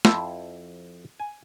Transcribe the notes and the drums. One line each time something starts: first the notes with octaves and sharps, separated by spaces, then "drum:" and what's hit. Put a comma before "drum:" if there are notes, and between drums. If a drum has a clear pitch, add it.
F2 E4 C5 A5, drum: snare
G#5